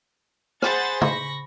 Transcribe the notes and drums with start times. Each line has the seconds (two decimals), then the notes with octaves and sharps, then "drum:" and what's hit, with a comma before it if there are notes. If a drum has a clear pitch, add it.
0.62 G#4 C5 F#5 B5 A6, drum: rim click
1.01 B5 C#6 A#6, drum: tom C#3